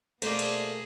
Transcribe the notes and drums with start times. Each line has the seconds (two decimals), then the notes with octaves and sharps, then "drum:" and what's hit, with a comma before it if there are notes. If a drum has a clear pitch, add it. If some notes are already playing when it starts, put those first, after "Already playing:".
0.22 B2 A3 A#3 G#4 C5 D5, drum: cymbal
0.39 drum: cymbal